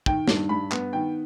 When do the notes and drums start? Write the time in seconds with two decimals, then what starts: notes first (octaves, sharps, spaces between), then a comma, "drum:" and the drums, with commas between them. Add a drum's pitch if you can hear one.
0.06 D#3 G5, drum: kick
0.28 G2, drum: snare
0.49 G2 B5
0.72 B3, drum: clap
0.93 D#3 G5